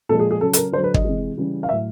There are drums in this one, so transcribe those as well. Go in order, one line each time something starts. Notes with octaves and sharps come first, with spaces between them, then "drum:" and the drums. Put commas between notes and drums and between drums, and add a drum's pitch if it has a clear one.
A#2 F3 G#3 A4
G#4
G#4
C#3 F#3 A4
A4, drum: hi-hat
A#4
D3 C5
F#3
B4
D#5, drum: kick
C3 E3 G#3
C#3 E3 G3
F5
A2 F#3 E5